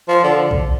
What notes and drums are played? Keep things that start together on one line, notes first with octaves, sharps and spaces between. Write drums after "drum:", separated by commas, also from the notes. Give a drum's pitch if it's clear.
F3
D3
drum: kick B1